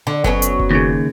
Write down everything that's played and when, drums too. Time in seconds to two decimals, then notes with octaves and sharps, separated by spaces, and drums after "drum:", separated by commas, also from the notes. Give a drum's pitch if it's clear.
0.07 D3
0.24 F#3 B3 C#4, drum: kick F#1
0.42 drum: hi-hat
0.60 drum: kick F#1
0.71 D#2 C#3